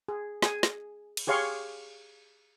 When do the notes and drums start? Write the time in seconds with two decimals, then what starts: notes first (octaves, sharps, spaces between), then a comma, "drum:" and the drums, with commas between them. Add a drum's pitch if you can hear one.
0.08 G#4
0.42 G#4 G#5, drum: snare
0.63 drum: snare
1.17 drum: cymbal
1.27 G4 G#4 C#5 F5 C6 C#6